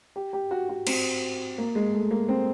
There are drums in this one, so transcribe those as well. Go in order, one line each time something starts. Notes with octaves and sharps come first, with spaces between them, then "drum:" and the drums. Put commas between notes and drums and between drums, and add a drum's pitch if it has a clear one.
G4
G4
F#4
F#4
C4, drum: cymbal
A#3
G#3
A3
A#3
C4